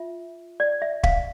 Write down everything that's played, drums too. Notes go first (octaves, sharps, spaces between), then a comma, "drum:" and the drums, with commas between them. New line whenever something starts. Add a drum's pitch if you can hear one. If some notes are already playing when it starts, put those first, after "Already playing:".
Already playing: F4 E5
D5
E5
F5, drum: kick